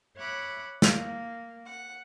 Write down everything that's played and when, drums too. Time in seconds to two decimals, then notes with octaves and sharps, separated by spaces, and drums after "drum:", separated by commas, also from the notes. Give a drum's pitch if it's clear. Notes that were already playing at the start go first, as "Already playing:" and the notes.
0.17 C#5 E5 F#5 B5 D6
0.82 A#3, drum: snare
1.65 F#5